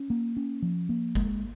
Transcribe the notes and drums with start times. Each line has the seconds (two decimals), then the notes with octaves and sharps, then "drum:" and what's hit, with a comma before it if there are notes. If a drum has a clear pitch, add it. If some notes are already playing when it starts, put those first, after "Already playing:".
Already playing: C#4
0.10 A#3
0.37 C#4
0.62 F3
0.89 A#3
1.15 G#3, drum: kick F1